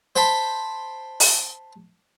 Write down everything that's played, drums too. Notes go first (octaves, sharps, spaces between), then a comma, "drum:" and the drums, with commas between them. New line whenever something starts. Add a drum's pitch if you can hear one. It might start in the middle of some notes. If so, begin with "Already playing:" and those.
C5 G5 A5 B5 C6
drum: open hi-hat